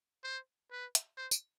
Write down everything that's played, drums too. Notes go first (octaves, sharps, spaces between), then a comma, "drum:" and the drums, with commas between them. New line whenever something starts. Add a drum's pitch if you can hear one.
C5
B4
drum: hi-hat
C5
drum: tambourine